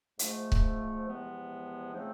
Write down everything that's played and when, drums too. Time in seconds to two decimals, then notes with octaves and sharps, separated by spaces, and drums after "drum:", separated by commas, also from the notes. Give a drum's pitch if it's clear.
0.19 G#2 F3 A3, drum: hi-hat
0.52 drum: kick C#1
1.07 E2 C3 F3 G#3 B3
1.94 C#3 F3 A3 C4 D#4